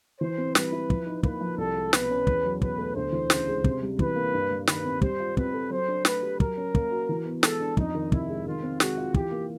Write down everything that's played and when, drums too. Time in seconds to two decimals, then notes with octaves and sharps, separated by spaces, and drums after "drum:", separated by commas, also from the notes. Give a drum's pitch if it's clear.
0.20 E3 C5
0.38 C4
0.55 G3 B4, drum: snare
0.72 E4
0.90 F3, drum: kick
1.06 D#4
1.23 A#3 B4, drum: kick
1.41 F3
1.58 C2 A4
1.76 G#3
1.93 B2 B4, drum: snare
2.10 C#4
2.27 E2, drum: kick
2.44 F#3
2.62 B2 B4, drum: kick
2.78 A3
2.95 D2 C5
3.12 E3
3.30 C#3, drum: snare
3.48 G#3
3.64 C3, drum: kick
3.82 G3
3.99 E3 B4, drum: kick
4.16 A#3
4.34 G2
4.51 G3
4.67 D#3 B4, drum: snare
4.85 C4
5.02 G3 C5, drum: kick
5.20 F4
5.37 C4 B4, drum: kick
5.54 A4
5.70 F#3 C5
5.88 D4
6.05 A3 B4, drum: snare
6.23 G4
6.40 F#3 A#4, drum: kick
6.57 C#4
6.75 A#3, drum: kick
6.91 F#4
7.09 E3
7.26 B3
7.43 G#3 A4, drum: snare
7.60 D4
7.77 F2 D#4, drum: kick
7.95 D#3
8.12 C3 E4, drum: kick
8.29 G#3
8.47 D#3 F4
8.63 C4
8.80 G#3 F#4, drum: snare
8.98 F4
9.14 E3 G4, drum: kick
9.31 A#3